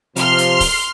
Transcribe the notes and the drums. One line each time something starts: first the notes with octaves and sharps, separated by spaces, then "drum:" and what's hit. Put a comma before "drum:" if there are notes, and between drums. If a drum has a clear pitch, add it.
C3 F3 C6 F6, drum: hi-hat
drum: hi-hat
drum: kick, open hi-hat